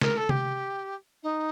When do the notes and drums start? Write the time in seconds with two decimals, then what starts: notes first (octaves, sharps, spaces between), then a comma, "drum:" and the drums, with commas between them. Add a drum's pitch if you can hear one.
0.01 A#4, drum: snare
0.16 A4
0.29 G4, drum: tom C3
1.22 D#4